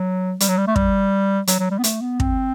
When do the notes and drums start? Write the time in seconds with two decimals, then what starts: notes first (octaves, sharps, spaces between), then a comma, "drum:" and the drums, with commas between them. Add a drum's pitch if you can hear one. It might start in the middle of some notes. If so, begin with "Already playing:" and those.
Already playing: F#3
0.40 G3, drum: hi-hat
0.48 F#3
0.58 G3
0.67 A3
0.76 G3, drum: kick
1.47 F#3, drum: hi-hat
1.59 F#3
1.71 G3
1.79 B3
1.84 A3, drum: hi-hat
2.01 B3
2.20 C4, drum: kick